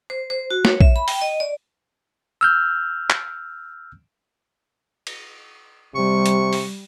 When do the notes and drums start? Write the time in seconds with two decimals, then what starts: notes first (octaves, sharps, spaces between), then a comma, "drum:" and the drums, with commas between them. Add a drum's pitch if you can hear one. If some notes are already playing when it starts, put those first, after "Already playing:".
0.10 C5
0.30 C5
0.51 F#4
0.65 C#5, drum: snare
0.81 E5, drum: kick A#1
0.96 B5
1.08 G5, drum: open hi-hat
1.21 D#5
1.40 D5
2.41 E6 F6 G6
3.10 drum: clap
5.07 drum: cymbal
5.95 C3 G3 C#6
6.26 drum: hi-hat
6.53 drum: open hi-hat